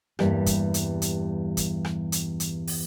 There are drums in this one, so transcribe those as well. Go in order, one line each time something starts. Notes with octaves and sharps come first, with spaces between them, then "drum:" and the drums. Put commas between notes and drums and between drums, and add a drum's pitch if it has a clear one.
E2 G2 E3 G3 A#3 G4, drum: rim click
drum: kick, hi-hat
drum: hi-hat
drum: hi-hat
drum: kick, hi-hat
drum: rim click
drum: hi-hat
drum: hi-hat
drum: open hi-hat